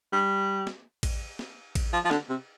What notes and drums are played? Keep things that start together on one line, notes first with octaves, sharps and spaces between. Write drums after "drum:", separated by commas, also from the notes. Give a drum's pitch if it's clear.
G3
drum: snare
drum: kick A1, cymbal
drum: snare
drum: kick A1, cymbal
F3
F3
D3, drum: snare
C3